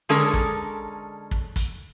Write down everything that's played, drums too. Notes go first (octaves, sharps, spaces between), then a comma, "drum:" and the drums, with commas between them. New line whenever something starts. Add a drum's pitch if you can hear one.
D3 G#3 C#4 A4 A#4 C#5, drum: open hi-hat
drum: kick
drum: kick
drum: kick, hi-hat